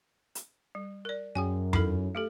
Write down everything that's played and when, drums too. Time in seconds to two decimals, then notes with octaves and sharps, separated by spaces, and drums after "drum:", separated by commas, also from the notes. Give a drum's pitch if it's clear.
0.35 drum: hi-hat
0.75 G3
1.05 A#4 D5
1.35 F#2 G#4 G5 G#5
1.73 D#4 E4 A4, drum: tom F2
2.15 A3 G4 A4